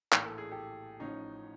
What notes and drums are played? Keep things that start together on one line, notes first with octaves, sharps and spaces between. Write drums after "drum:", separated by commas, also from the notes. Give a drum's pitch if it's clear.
A#1 A2 E3 A#4, drum: clap
A4
G#4
G4 A4
A1 A2 F3 C#4 D#4